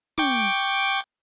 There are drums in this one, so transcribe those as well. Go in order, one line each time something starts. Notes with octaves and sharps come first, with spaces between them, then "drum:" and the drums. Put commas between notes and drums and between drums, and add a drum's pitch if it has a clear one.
G5 C#6 D6, drum: tom